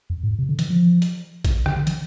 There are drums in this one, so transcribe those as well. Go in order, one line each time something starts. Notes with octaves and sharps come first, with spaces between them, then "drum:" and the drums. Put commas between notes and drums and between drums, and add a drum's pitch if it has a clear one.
F2
A2
C3
D3
E3, drum: hi-hat
F3
drum: hi-hat
drum: kick A1, hi-hat
D3, drum: rim click
D3
E3, drum: hi-hat